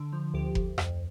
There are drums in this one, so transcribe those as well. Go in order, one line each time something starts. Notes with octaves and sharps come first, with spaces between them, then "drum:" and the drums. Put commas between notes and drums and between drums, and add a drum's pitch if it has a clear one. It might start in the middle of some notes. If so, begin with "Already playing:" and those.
Already playing: D3
F3
D2 G4
D2, drum: kick F1
F2, drum: rim click